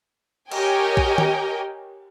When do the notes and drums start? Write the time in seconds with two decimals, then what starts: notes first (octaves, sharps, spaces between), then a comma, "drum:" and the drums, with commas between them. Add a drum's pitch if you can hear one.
0.52 G4 A#4 C#5 D#5 G5 G#5, drum: cymbal
0.97 drum: kick A#1
1.18 drum: tom D#3